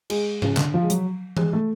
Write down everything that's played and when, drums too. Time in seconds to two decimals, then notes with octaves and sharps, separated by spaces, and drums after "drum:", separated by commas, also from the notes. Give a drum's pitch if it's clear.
0.10 G#3, drum: cymbal
0.42 C#3, drum: tom G#2
0.57 D3, drum: clap
0.74 F3
0.82 G#3
0.90 F#3, drum: hi-hat
1.37 G#3, drum: tom E3
1.53 A3